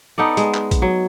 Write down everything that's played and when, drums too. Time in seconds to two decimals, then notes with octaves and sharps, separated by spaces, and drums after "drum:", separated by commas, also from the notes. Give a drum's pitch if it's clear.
0.18 B3 D#4 A4 D5
0.37 G#3, drum: hi-hat
0.54 drum: clap
0.71 drum: kick A#1, hi-hat
0.82 F#3